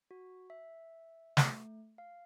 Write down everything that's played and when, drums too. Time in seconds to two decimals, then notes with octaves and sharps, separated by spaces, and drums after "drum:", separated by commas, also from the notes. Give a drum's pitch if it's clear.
0.11 F#4
0.50 E5
1.37 A3, drum: snare
1.98 F5